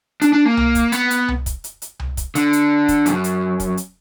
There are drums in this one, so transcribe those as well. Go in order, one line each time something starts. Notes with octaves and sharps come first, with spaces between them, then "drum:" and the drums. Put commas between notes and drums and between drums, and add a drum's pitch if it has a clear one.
D4, drum: hi-hat
D4
A#3
drum: tom C2
drum: kick, hi-hat
B3, drum: hi-hat
drum: hi-hat
drum: tom C2
drum: kick, hi-hat
drum: hi-hat
drum: hi-hat
drum: tom C2
drum: kick, hi-hat
D3, drum: hi-hat
drum: hi-hat
drum: kick, hi-hat
F#2, drum: hi-hat
drum: hi-hat
drum: kick, hi-hat
drum: hi-hat